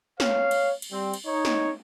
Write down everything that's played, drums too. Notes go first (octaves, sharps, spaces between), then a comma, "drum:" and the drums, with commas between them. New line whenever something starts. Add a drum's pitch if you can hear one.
C#5 F5, drum: snare
drum: cymbal
drum: cymbal
G3 C4
drum: cymbal
D#4 C#5
drum: snare